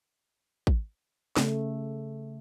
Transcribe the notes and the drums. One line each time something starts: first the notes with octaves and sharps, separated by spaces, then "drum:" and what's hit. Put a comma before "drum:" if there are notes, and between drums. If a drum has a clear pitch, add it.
drum: kick
C#3 A3, drum: snare